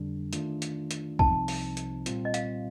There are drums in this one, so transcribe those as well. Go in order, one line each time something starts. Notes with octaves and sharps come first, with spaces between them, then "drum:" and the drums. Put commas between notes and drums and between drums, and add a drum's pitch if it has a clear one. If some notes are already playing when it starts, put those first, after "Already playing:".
Already playing: F2 D3 G3 D4
D#3 A3 D4 F4, drum: hi-hat
drum: hi-hat
drum: hi-hat
C2 C3 F3 C4 D#4 A5, drum: kick
drum: open hi-hat
drum: hi-hat
A#2 G3 C4 F4, drum: hi-hat
D#5
F5, drum: hi-hat